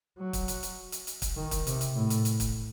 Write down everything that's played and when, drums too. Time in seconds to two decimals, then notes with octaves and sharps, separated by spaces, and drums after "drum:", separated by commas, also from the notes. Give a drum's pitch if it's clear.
0.19 F#3
0.33 drum: kick, hi-hat
0.48 drum: hi-hat
0.63 drum: hi-hat
0.92 drum: hi-hat
1.07 drum: hi-hat
1.22 drum: kick, hi-hat
1.37 D#3
1.51 drum: kick, hi-hat
1.67 C3, drum: hi-hat
1.81 drum: hi-hat
1.95 A2
2.10 drum: hi-hat
2.25 drum: hi-hat
2.40 drum: kick, hi-hat